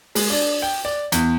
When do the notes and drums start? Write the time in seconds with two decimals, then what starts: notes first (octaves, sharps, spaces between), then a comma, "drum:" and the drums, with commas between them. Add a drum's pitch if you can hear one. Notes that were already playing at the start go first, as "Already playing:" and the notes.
0.15 G#3, drum: open hi-hat
0.30 D4
0.62 G5
0.85 D5
1.12 E2, drum: hi-hat